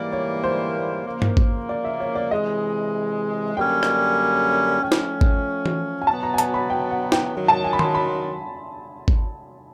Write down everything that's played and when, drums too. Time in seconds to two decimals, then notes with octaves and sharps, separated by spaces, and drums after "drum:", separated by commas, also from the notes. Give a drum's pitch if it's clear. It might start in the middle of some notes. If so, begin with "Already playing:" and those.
Already playing: G#2 E3 G3 A#3 D5
0.12 C#5
0.44 C5
1.06 C#3 F3 A#3
1.22 drum: tom G2
1.37 drum: kick G#1
1.69 D5
1.85 E5
2.00 C#5
2.15 D5
2.31 C3 E3 G#3 D#5
3.57 F#2 D3 G3 A#3 C#4 G5
3.83 drum: rim click
4.82 F3 A3 C#4 G5
4.92 drum: snare
5.21 drum: kick G#1
5.66 drum: tom E3
6.02 G#5
6.07 B2 F#3 B3 A5
6.23 A#5
6.34 G#5
6.38 A5, drum: hi-hat
6.54 B5
6.70 G5
6.91 F#5
7.12 G5, drum: snare
7.32 F#2 D#3 F#3
7.48 A5
7.64 G#5
7.73 B5
7.79 C6, drum: tom
7.95 B5
9.08 drum: kick G#1